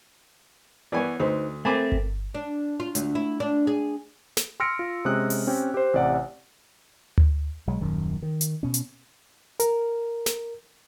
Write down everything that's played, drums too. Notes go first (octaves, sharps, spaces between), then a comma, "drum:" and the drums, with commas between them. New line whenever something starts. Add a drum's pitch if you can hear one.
E3 B3 C#5 D5 G#5
D2 D#4 B4 C5
A3 C4 A#4 G#5 B5 D6
drum: kick G1
D4
F4
D2, drum: hi-hat
E4
D4
G#4
drum: snare
C6 E6 F6 A#6 C#7 D7
F4
C3 G#3 C#4 D#6 F#6
drum: open hi-hat
C4 C#4 G4 G5
G4 C5
A1 C3 D5 F#5
drum: tom D2
B1 F#3 G#3
D#1 F#2 D#3
D#3
drum: hi-hat
B2 C#4
drum: hi-hat
A#4, drum: hi-hat
drum: snare